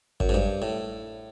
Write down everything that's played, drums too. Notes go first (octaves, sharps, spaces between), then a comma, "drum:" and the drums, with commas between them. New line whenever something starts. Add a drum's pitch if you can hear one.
F#2, drum: kick G#1
G#2
G2
A2